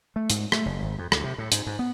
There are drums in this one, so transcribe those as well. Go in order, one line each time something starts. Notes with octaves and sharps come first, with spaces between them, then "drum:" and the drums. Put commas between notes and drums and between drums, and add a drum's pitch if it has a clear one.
A3
G#2, drum: hi-hat
A3, drum: rim click
F#1
G#1
F2
D2, drum: rim click
C3
A2
G#2, drum: hi-hat
G#2
B3